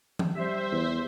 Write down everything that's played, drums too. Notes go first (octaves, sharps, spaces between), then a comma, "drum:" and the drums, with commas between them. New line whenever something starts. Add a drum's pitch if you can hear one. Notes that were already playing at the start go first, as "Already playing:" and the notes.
drum: tom E3
G3 C5 E5
E2